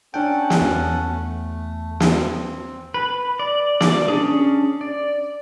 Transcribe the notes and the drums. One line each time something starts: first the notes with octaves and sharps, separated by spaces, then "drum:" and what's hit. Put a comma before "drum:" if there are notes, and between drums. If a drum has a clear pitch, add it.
C#4 D4 A4 F#5 G5
drum: snare
E2
A3
C4, drum: snare
B4
D5
D5 D6, drum: snare
C#4 D4 G#4
D5